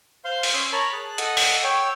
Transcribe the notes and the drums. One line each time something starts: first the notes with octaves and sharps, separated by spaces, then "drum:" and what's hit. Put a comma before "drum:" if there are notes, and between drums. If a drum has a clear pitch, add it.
C5 F5 C6
drum: open hi-hat
C#4 C6 D#6 E6
A#4 C#5 A5 B5
G#4 A5 F#6
A4 D#5 F#5, drum: hi-hat
drum: open hi-hat
C#5 G5 E6